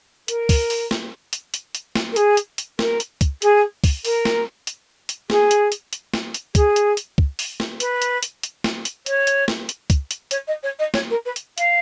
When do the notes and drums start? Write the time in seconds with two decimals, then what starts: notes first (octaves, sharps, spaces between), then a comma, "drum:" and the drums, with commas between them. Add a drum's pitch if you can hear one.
0.28 A#4, drum: hi-hat
0.49 drum: kick, open hi-hat
0.70 drum: open hi-hat
0.91 drum: snare
1.33 drum: hi-hat
1.54 drum: hi-hat
1.75 drum: hi-hat
1.95 drum: snare
2.12 A#4
2.16 G#4, drum: hi-hat
2.37 drum: hi-hat
2.58 drum: hi-hat
2.79 A#4, drum: snare
3.00 drum: hi-hat
3.21 drum: kick, hi-hat
3.42 G#4, drum: hi-hat
3.84 drum: kick, open hi-hat
4.05 A#4, drum: open hi-hat
4.25 drum: snare
4.67 drum: hi-hat
5.09 drum: hi-hat
5.30 G#4, drum: snare
5.51 drum: hi-hat
5.72 drum: hi-hat
5.93 drum: hi-hat
6.14 drum: snare
6.34 drum: hi-hat
6.55 G#4, drum: kick, hi-hat
6.76 drum: hi-hat
6.97 drum: hi-hat
7.18 drum: kick
7.39 drum: open hi-hat
7.60 drum: snare
7.80 B4, drum: hi-hat
8.02 drum: hi-hat
8.23 drum: hi-hat
8.43 drum: hi-hat
8.64 drum: snare
8.85 drum: hi-hat
9.06 C#5, drum: hi-hat
9.27 drum: hi-hat
9.48 drum: snare
9.69 drum: hi-hat
9.90 drum: kick, hi-hat
10.11 drum: hi-hat
10.31 C#5, drum: hi-hat
10.47 D#5
10.63 C#5
10.79 D#5
10.94 C#5, drum: snare
11.10 A#4
11.25 B4
11.36 drum: hi-hat
11.58 F5, drum: hi-hat